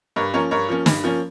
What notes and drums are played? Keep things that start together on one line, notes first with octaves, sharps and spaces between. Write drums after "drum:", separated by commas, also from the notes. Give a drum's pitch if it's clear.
G2 A#4 C#5
F3 A#3 C#4 A#4 C#5
G2 A#4 C#5
F3 A#3 C#4
G2, drum: snare
F3 A#3 C#4